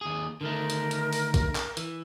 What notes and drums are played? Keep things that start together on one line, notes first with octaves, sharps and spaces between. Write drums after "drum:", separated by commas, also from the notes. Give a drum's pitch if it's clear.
D#2 G#4
D3 D#3 A3 A#4
drum: hi-hat
drum: hi-hat
drum: open hi-hat
drum: kick, hi-hat
drum: clap
E3, drum: hi-hat